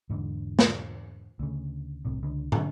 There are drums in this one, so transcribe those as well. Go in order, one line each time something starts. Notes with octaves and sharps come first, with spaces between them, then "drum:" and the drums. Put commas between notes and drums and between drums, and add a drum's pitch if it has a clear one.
E2 G#2 D3
drum: snare
D2 C#3
D1 C2 C3
C#2 D3
D3, drum: tom